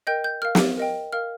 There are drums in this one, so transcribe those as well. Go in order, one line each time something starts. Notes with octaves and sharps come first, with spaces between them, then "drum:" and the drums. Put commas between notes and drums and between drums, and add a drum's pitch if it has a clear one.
A#4 D#5 G5 G6
G6
A#4 F5 F6
drum: snare
A#4 D#5 G5
A#4 F5 F6